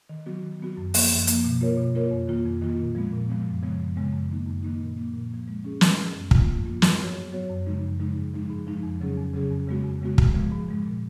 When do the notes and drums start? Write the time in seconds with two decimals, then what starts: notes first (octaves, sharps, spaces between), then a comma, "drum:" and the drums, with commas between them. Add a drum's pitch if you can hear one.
0.09 D#3
0.26 F#3 B3 F#4
0.43 D#3
0.60 F#3 B3 F#4
0.77 F#2
0.94 F3 A#3, drum: open hi-hat
1.11 F#2
1.27 F3 A#3, drum: hi-hat
1.44 B2
1.61 A#3 F4 A#4 C#5
1.77 B2
1.95 A#3 F4 A#4 C#5
2.11 F2
2.27 D#3 A#3 F4
2.45 F2
2.62 D#3 A#3 F4
2.78 A#2
2.95 F3 G#3 B3
3.12 A#2
3.29 F3 G#3 B3
3.46 F#2
3.62 C#3 F3 G#3 B3
3.80 F#2
3.96 C#3 F3 G#3 B3
4.12 F#2
4.30 D#3 A#3 D#4
4.46 F#2
4.63 D#3 A#3 D#4
4.81 A#2
4.97 F3 A#3
5.13 A#2
5.31 F3 A#3
5.48 G#3
5.64 C#4 G#4
5.81 G#3, drum: snare
5.97 C#4
6.02 G#4
6.14 F#2
6.31 F3 A#3 F4, drum: kick
6.49 F#2
6.65 F3 A#3 F4
6.82 G#2, drum: snare
6.99 F#3 B3 F#4 C#5
7.15 G#2
7.32 F#3 B3 F#4 C#5
7.50 F#2
7.66 C#3 F3 G#3 D#4
7.83 F#2
8.00 C#3 F3 G#3 D#4
8.16 G#2
8.33 F3 G#3 D#4
8.50 G#2
8.67 F3 G#3 D#4
8.83 F2
9.01 C#3 F#3 C#4 G#4
9.18 F2
9.34 C#3 F#3 C#4 G#4
9.51 F2
9.68 C#3 G#3 B3 F#4
9.84 F2
10.01 C#3 G#3 B3 F#4
10.18 G#2, drum: kick
10.34 F3 G#3
10.52 G#2
10.68 F3 G#3
10.86 A#2